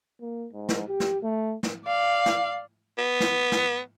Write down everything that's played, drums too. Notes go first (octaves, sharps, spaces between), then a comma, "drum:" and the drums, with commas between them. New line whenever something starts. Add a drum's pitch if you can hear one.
A#3
G#2
drum: snare
G4
drum: snare
A3
drum: snare
D5 F5
drum: snare
B3
drum: snare
drum: snare